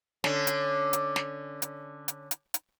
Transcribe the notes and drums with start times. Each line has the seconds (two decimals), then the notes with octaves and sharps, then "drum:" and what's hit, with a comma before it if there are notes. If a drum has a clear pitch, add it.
0.24 D3 C#4, drum: snare
0.47 drum: hi-hat
0.93 drum: hi-hat
1.16 drum: snare
1.62 drum: hi-hat
2.08 drum: hi-hat
2.31 drum: hi-hat
2.54 drum: hi-hat